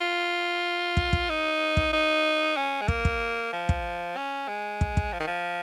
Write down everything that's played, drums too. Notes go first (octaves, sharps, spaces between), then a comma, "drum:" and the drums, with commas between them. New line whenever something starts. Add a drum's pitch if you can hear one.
F4
drum: kick
drum: kick
D#4
drum: kick
D#4
C#4
G#3
A#3, drum: kick
drum: kick
F3
drum: kick
C#4
G#3
drum: kick
drum: kick
F3
D#3
F3